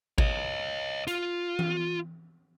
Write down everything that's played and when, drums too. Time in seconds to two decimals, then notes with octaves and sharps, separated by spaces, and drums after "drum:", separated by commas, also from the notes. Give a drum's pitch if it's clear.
0.18 C#5 D#5, drum: kick G#1
1.07 F4, drum: hi-hat
1.59 drum: tom E3